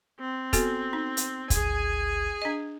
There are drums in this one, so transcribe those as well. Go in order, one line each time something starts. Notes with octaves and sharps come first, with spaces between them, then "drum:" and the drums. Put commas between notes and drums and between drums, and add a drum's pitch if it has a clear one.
C4
B3 F#4 A4, drum: kick, hi-hat
D#4
drum: hi-hat
G#1 D2 G#4 G#5, drum: kick, hi-hat
D4 D#5